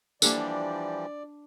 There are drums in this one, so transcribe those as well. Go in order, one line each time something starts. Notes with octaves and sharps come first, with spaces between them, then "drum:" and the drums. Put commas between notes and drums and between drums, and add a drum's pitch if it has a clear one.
E3 F3 G3 A#3 D4 G4 A4 D5, drum: tambourine